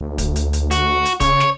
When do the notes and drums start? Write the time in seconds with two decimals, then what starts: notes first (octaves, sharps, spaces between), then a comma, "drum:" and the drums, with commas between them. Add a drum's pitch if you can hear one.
0.01 D2
0.18 drum: kick, hi-hat
0.36 drum: hi-hat
0.53 drum: hi-hat
0.71 F#4, drum: hi-hat
1.05 drum: hi-hat
1.20 C#3 C#5, drum: kick, hi-hat
1.40 drum: snare